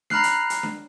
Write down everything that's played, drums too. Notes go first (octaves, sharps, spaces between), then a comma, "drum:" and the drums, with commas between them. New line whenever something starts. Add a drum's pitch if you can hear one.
A#5 B5 F6 F#6 C7, drum: snare D4
drum: hi-hat
drum: hi-hat
drum: snare D4